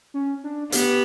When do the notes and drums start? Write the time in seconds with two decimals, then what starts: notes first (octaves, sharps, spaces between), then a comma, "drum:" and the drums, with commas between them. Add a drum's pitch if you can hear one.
0.14 C#4
0.44 D4
0.72 B3 G4, drum: hi-hat